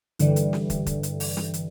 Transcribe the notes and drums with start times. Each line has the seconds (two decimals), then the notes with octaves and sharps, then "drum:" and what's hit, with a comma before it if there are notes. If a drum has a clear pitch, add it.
0.19 G2 D3 E3 G3, drum: hi-hat
0.36 drum: hi-hat
0.53 drum: snare
0.70 drum: kick, hi-hat
0.86 drum: kick, hi-hat
1.03 drum: hi-hat
1.20 drum: open hi-hat
1.37 drum: snare
1.54 drum: hi-hat